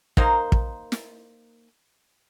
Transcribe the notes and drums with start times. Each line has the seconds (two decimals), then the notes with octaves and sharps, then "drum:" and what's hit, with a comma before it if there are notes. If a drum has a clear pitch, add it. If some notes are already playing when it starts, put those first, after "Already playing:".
0.17 A#3 D#4 A#4 C5, drum: kick
0.52 drum: kick
0.92 drum: snare